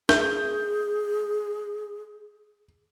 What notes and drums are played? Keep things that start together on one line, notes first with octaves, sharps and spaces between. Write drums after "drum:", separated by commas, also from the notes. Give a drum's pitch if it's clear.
G#4 G6, drum: snare